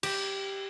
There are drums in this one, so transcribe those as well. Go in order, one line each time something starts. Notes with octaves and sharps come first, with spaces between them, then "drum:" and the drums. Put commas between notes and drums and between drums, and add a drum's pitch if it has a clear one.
G4, drum: cymbal